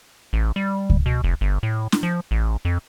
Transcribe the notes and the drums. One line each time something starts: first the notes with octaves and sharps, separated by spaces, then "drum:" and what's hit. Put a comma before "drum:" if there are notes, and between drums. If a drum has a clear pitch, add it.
A1
G3
drum: kick C#2
B2
F1
G1
A2
drum: snare
F3
A1
F2